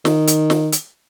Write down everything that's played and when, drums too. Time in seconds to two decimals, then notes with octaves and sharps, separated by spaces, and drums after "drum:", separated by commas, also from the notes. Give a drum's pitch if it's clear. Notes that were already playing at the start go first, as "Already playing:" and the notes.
0.05 D#3, drum: snare
0.27 drum: hi-hat
0.50 drum: snare
0.72 drum: hi-hat